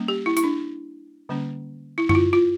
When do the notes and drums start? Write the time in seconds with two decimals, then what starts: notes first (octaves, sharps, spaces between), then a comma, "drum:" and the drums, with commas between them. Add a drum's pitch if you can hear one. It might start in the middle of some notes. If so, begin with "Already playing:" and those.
Already playing: G3 A#3 C#4
0.08 G4
0.26 E4
0.37 E4, drum: hi-hat
0.44 D4
1.29 D3 G3 A#3 C#4
1.98 E4
2.09 E4, drum: tom F#2
2.15 F4
2.33 F4